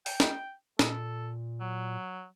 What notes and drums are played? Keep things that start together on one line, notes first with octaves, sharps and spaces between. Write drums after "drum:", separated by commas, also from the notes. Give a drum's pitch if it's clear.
G5, drum: open hi-hat
drum: snare
A#2 A4, drum: snare
F#3